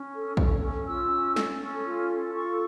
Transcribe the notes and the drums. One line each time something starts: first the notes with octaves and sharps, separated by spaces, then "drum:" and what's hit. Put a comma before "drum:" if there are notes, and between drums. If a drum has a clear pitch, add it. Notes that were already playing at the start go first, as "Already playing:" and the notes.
Already playing: C#4
A4
C#4, drum: kick
C#4
F4 E6
C#4
A4, drum: snare
C#4
F4
A4
F4 C#6